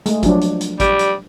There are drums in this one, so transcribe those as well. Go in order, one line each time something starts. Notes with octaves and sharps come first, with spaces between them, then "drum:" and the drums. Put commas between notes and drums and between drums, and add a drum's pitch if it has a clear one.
G#3 A3, drum: hi-hat
F3 F#3 D4, drum: kick, hi-hat
drum: hi-hat
drum: hi-hat
G3, drum: kick, hi-hat
drum: hi-hat